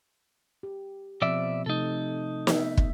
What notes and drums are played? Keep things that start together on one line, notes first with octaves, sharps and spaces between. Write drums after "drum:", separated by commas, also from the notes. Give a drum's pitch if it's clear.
G4
B2 F3 C4 D5 E5
C3 A3 D#4 A4
B3 E5, drum: snare
drum: kick